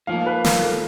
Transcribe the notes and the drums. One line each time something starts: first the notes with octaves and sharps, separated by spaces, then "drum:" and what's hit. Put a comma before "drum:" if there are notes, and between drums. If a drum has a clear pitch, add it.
G#2 F3 A#3 F5
B4
A#4, drum: snare
A4